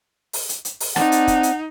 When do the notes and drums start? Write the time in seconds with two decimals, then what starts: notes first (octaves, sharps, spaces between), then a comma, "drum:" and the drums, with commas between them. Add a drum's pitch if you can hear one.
0.33 drum: open hi-hat
0.49 drum: hi-hat
0.65 drum: hi-hat
0.80 drum: open hi-hat
0.96 C4 D#4 D5 F#5 A5, drum: snare
1.12 drum: hi-hat
1.27 drum: kick, hi-hat
1.43 drum: hi-hat